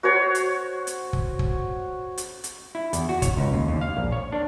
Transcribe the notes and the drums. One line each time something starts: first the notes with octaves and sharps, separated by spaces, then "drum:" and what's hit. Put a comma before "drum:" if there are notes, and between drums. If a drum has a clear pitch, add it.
F#4 C5 C#5
drum: hi-hat
drum: hi-hat
drum: kick
drum: kick
drum: hi-hat
drum: hi-hat
E4
E2, drum: hi-hat
F#4
C#5, drum: kick, hi-hat
C#2
D#2
D#2
F5
A#1
C#5
D4